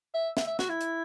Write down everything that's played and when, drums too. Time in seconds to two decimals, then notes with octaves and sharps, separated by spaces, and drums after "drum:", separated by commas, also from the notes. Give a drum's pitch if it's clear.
0.14 E5
0.37 E5, drum: snare
0.47 E5
0.59 F#4, drum: snare
0.69 E4
0.81 drum: hi-hat